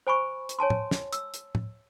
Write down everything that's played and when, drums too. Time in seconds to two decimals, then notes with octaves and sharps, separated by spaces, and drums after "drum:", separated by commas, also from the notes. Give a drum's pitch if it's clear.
0.07 C5 G#5 B5 C#6
0.49 drum: hi-hat
0.59 C#5 G#5 A5 C6
0.70 drum: tom A2
0.91 drum: snare
1.13 E6, drum: hi-hat
1.34 drum: hi-hat
1.55 drum: tom A2